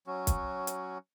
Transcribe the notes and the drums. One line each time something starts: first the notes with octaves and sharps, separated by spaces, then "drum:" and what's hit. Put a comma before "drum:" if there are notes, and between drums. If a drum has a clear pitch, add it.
F#3 C#4 F#4
drum: kick, hi-hat
drum: hi-hat